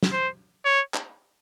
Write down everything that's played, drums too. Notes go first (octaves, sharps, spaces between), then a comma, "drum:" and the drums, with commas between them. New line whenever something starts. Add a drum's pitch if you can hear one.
drum: snare
C5
C#5
drum: clap